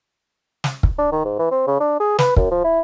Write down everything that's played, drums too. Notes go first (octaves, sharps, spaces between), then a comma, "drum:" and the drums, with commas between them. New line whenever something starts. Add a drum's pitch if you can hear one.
drum: snare
drum: kick
D4
D#3
G#2
E3
C4
C#3
D4
G#4
B4, drum: snare
F#2, drum: kick
F3
E4